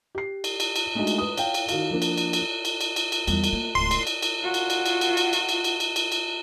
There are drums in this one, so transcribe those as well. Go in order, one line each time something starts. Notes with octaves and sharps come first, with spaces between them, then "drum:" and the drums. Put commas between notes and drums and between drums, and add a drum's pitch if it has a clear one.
G4 C7
drum: cymbal
drum: cymbal
drum: cymbal
G#3 A3 D4 D#4 F4 F#4
drum: cymbal
B4 D#6
C#5 F5 G5, drum: cymbal
drum: cymbal
D#3 F#4 F5, drum: cymbal
F3 A#3 D4
drum: cymbal
drum: cymbal
drum: cymbal
drum: cymbal
drum: cymbal
drum: cymbal
drum: cymbal
E2 G3, drum: cymbal
drum: cymbal
A#3
D1 C#2 C6
drum: cymbal
drum: cymbal
drum: cymbal
F4 F#4
drum: cymbal
drum: cymbal
drum: cymbal
drum: cymbal
drum: cymbal
drum: cymbal
drum: cymbal
drum: cymbal
drum: cymbal
drum: cymbal
drum: cymbal